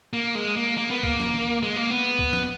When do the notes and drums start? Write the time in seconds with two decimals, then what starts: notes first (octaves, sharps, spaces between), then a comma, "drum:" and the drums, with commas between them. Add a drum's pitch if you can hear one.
0.13 A#3
0.35 G#3
0.56 A#3
0.77 A#3
0.90 B3
1.03 A#3, drum: kick
1.20 drum: snare
1.34 drum: tom
1.63 G#3
1.76 A#3
1.91 B3
2.19 drum: kick
2.33 drum: snare